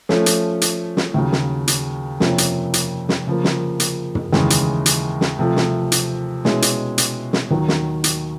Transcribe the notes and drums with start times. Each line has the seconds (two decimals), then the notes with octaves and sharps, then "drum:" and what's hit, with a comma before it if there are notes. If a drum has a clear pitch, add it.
0.09 F3 A3 C#4, drum: snare
0.26 drum: hi-hat
0.61 drum: hi-hat
0.97 drum: snare
1.14 D#2 C#3 F#3
1.32 drum: snare
1.68 drum: hi-hat
2.20 F2 C3 F3 A#3 C#4, drum: snare
2.38 drum: hi-hat
2.74 drum: hi-hat
3.09 drum: snare
3.27 C#3 F3 A#3
3.44 drum: snare
3.80 drum: hi-hat
4.15 drum: tom
4.32 D#2 C#3 E3 G#3, drum: snare
4.50 drum: hi-hat
4.86 drum: hi-hat
5.21 drum: snare
5.39 C3 F3 A3
5.56 drum: snare
5.92 drum: hi-hat
6.45 B2 G#3 C#4 E4, drum: snare
6.62 drum: hi-hat
6.98 drum: hi-hat
7.33 drum: snare
7.51 D#2 D#3 F#3
7.68 drum: snare
8.04 drum: hi-hat